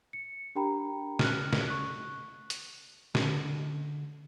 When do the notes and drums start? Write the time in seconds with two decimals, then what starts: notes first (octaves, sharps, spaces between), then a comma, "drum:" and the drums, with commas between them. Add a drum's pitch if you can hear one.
0.13 C#7
0.55 D4 G4 A#4 G5 A#5 B5
1.19 F6 F#6, drum: snare
1.53 drum: snare
1.68 C#6 F#6
2.50 drum: hi-hat
3.15 D3, drum: snare